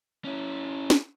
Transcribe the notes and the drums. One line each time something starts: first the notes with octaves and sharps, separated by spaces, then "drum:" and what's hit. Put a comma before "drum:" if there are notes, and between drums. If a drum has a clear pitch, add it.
C#4 E4
drum: snare